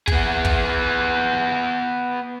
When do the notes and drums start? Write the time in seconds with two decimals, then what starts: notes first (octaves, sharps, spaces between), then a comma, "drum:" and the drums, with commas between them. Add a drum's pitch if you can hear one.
0.07 B3 G#4, drum: kick
0.45 drum: kick